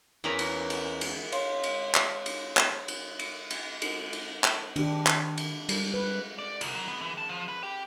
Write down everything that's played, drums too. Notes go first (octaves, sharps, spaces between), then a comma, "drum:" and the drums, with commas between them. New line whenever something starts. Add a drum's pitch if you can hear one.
E2 E3 A#3 C#4 B4 A#5
drum: cymbal
drum: cymbal
drum: cymbal
C#5 F5 C6, drum: cymbal
drum: cymbal
drum: clap
drum: cymbal
drum: clap
drum: cymbal
drum: cymbal
drum: cymbal
drum: cymbal
drum: cymbal
drum: clap
D#3 D4 G4, drum: cymbal
drum: clap
drum: cymbal
G3, drum: cymbal
B4
D5
C2, drum: cymbal
F#3
B3
E3
A5
F3
B4
G4